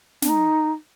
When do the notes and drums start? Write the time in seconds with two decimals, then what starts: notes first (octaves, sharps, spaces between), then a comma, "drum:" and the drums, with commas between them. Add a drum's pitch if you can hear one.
0.22 D4, drum: snare
0.29 D#4